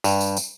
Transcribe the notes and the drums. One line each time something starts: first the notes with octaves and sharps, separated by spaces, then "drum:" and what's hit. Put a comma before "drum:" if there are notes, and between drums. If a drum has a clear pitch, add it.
G2, drum: tambourine
drum: tambourine
drum: tambourine